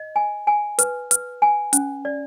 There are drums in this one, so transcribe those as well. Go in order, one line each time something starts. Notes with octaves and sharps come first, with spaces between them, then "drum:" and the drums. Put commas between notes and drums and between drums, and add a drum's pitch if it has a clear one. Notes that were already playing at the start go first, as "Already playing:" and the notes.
Already playing: D#5
G#5
G#5
B4, drum: hi-hat
B4, drum: hi-hat
G#5
C#4, drum: hi-hat
D5